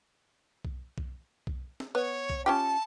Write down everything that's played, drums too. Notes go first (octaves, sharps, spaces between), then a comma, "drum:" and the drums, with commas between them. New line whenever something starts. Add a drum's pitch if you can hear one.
drum: kick B1
drum: kick B1
drum: kick B1
drum: snare
B3 C#5
drum: kick B1
C#4 F4 G4 A5